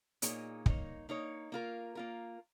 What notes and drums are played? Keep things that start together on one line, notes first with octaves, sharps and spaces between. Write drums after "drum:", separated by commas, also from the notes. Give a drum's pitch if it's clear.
A#2 A#3 D#4 G#4 C#5, drum: hi-hat
A#3 D#4 C#5, drum: kick
A#3 D#4 C#5
A#3 F4 A#4
A#3 F4 A#4